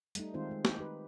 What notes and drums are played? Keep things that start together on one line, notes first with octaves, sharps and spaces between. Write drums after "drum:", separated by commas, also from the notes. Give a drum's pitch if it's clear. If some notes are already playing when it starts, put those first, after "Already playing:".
G3 A3 D#4, drum: hi-hat
D#3 G#3 C4 D#4 F4 C5
G#3 D#4
G4, drum: snare
D#4 B4